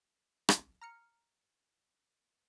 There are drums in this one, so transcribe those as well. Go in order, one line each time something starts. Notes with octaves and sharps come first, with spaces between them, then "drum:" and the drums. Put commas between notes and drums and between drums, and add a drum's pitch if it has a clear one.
drum: rim click
A#5 F6 C#7